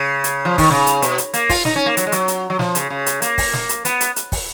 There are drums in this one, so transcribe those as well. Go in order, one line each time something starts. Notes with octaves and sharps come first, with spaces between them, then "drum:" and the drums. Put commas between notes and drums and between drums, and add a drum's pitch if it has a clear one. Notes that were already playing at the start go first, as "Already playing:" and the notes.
Already playing: C#3
drum: hi-hat
F3
D#3, drum: kick, open hi-hat
C#3, drum: snare
drum: hi-hat
B2, drum: hi-hat
drum: hi-hat
A#3, drum: hi-hat
F4, drum: kick, open hi-hat
D#4, drum: snare
C#4
A#3
F#3, drum: hi-hat
G#3
F#3, drum: hi-hat
drum: hi-hat
F#3
F3, drum: snare
C#3, drum: hi-hat
C#3
drum: hi-hat
A#3, drum: hi-hat
drum: kick, open hi-hat
drum: snare
drum: hi-hat
B3, drum: hi-hat
drum: hi-hat
drum: hi-hat
drum: kick, open hi-hat